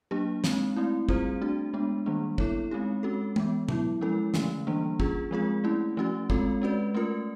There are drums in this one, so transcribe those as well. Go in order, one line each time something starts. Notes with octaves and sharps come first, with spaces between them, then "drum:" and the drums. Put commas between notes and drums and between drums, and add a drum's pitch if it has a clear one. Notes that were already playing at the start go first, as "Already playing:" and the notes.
F#3 A#3 D4 G4
G#3 C4 D#4, drum: snare
A3 C4 E4
G3 C4 F4 G#4 C5, drum: kick
A3 D4 F#4
G#3 B3 D4
D#3 G3 A#3 D4
B3 E4 A4 C#5, drum: kick
G#3 C4 D#4 G4
G#3 C#4 F#4 A4
E3 G#3 B3, drum: tom
F#3 B3 E4, drum: tom
F3 G#3 C#4 E4 A4
D3 F3 A3 C#4, drum: snare
E3 G3 A#3 D4
C#4 F4 G#4, drum: kick
F3 G#3 C4 F4 G#4
A3 C#4 E4
F3 A3 C#4 F#4
G#3 C4 F4 A4, drum: kick
G#3 C#4 F#4 B4 D5
A3 C#4 F4 A#4